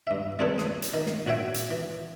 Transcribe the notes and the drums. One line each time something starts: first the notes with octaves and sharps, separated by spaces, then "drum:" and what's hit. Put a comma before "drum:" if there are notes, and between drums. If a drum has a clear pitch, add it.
G2 E5
G3 C4 G#4 A4 B4 C#5
D#6, drum: snare
drum: hi-hat
D#3
drum: snare
A#1 F#4 C#5 E5 G5
drum: hi-hat
E3